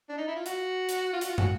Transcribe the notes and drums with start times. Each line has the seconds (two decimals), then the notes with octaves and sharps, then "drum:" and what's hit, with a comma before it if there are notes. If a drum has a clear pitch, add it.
0.09 D4
0.17 D#4
0.27 E4
0.36 F4
0.46 F#4, drum: hi-hat
0.89 drum: hi-hat
1.13 F4
1.21 F#4, drum: hi-hat
1.29 F4
1.38 F#4, drum: tom